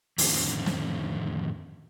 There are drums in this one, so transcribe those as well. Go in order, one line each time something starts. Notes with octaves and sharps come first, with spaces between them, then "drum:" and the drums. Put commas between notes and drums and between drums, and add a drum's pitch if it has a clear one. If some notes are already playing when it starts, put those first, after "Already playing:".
F2 A2 D3 D#3 C4 C#4, drum: open hi-hat
drum: snare